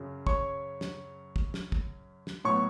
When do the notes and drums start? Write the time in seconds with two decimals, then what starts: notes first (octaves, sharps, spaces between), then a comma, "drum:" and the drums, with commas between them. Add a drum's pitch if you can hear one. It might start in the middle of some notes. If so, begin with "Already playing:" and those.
Already playing: F#2 C#3 F#3
0.27 C#5 C#6, drum: kick
0.81 drum: snare
1.36 drum: kick
1.54 drum: snare
1.72 drum: kick
2.27 drum: snare
2.44 A2 F#3 B3 C#5 C#6